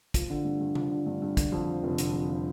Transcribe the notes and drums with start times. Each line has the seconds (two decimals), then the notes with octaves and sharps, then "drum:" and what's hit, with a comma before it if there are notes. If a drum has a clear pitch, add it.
0.14 F3, drum: kick, hi-hat
0.30 D3
0.45 G2
0.60 G2
0.75 F3, drum: tom
0.91 D3
1.06 G2
1.22 G2
1.37 D3, drum: kick, hi-hat
1.52 F2
1.67 F3
1.83 F1
1.98 D3, drum: hi-hat
2.13 F2
2.29 F3